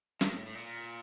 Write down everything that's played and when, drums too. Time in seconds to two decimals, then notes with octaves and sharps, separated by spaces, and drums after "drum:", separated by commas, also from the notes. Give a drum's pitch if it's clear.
0.21 D#3, drum: snare
0.32 A2
0.46 A2
0.55 A#2